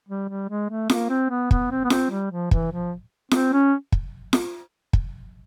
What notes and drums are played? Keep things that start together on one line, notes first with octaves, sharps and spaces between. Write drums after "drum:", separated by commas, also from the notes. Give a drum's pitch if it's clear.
G3
G3
G#3
A3
A#3, drum: snare
C4
B3
B3, drum: kick
C4
B3
C4, drum: snare
G3
F3
E3, drum: kick
F3
C4, drum: snare
C#4
drum: kick
drum: snare
drum: kick